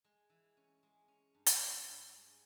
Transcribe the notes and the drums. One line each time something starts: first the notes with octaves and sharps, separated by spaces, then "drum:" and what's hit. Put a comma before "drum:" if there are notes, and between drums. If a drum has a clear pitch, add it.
G#3
E3
C#4
G#3
C#4
G2
drum: hi-hat
G2
G2
G#3